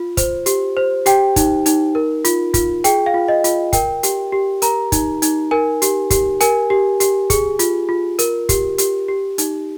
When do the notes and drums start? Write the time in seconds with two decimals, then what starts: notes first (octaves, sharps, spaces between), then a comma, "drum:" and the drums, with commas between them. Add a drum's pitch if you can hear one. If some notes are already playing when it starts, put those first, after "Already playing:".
Already playing: F4
0.17 C5, drum: kick, hi-hat
0.46 G4, drum: hi-hat
0.77 C5
1.06 G4 G5, drum: hi-hat
1.36 D#4, drum: kick, hi-hat
1.66 D#4, drum: hi-hat
1.95 A#4
2.25 F4, drum: hi-hat
2.54 F4, drum: kick, hi-hat
2.84 G#4 G5, drum: hi-hat
3.06 F5
3.14 F4
3.28 D#5
3.44 F4, drum: hi-hat
3.73 A#4 G5, drum: kick, hi-hat
4.03 G4, drum: hi-hat
4.32 G4
4.62 A#4 A#5, drum: hi-hat
4.92 D#4, drum: kick, hi-hat
5.22 D#4, drum: hi-hat
5.51 A#4 G#5
5.82 G4, drum: hi-hat
6.10 G4, drum: kick, hi-hat
6.41 A#4 G#5, drum: hi-hat
6.70 G4
7.00 G4, drum: hi-hat
7.30 G#4, drum: kick, hi-hat
7.59 F4, drum: hi-hat
7.89 F4
8.19 A#4, drum: hi-hat
8.49 G4, drum: kick, hi-hat
8.78 G4, drum: hi-hat
9.08 G4
9.38 D#4, drum: hi-hat